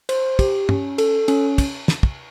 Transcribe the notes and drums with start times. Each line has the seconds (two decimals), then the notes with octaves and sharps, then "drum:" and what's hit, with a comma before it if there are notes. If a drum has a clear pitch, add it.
0.09 C5, drum: cymbal
0.39 G4, drum: kick, cymbal
0.69 C#4, drum: tom
0.98 A4, drum: cymbal
1.28 C#4, drum: cymbal
1.58 drum: kick, cymbal
1.88 drum: snare
2.03 drum: kick